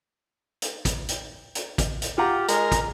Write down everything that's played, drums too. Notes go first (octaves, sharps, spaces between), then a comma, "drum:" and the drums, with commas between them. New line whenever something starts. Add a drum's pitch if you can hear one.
drum: hi-hat
drum: kick, hi-hat
drum: hi-hat
drum: hi-hat
drum: kick, hi-hat
drum: hi-hat
F4 G4 F#5 A#5
G#3 A#4, drum: hi-hat
drum: kick, hi-hat